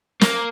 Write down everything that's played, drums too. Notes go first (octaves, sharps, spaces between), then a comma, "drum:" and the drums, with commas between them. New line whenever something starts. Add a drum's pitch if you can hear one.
A#3, drum: snare